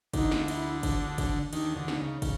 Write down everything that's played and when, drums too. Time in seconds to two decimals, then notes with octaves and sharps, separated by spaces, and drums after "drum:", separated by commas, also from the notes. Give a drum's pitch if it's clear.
0.14 D2 D3 D#4, drum: kick, cymbal
0.31 drum: snare
0.48 E4, drum: cymbal
0.83 D4, drum: kick, cymbal
1.18 drum: kick, cymbal
1.53 D#2 D#3 D4, drum: cymbal
1.76 D2 D3
1.88 D#4, drum: snare
1.99 C#3
2.22 C#3, drum: kick, cymbal